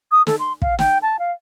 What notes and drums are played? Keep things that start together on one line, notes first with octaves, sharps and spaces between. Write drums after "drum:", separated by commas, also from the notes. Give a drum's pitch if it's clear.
D#6
A4, drum: snare
C6
F5, drum: kick
G5, drum: snare
A5
F5